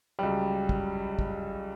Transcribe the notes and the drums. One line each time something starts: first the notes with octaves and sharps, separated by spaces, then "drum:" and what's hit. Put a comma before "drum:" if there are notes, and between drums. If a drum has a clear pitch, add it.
C#2 F#3 G3
drum: kick
drum: kick